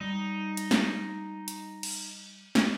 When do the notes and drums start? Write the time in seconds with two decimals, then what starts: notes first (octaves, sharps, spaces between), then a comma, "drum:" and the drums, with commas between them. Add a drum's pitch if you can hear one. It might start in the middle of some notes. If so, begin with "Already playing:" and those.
0.01 G3 D#4
0.57 drum: hi-hat
0.71 drum: snare
1.48 drum: hi-hat
1.83 drum: cymbal
2.55 drum: snare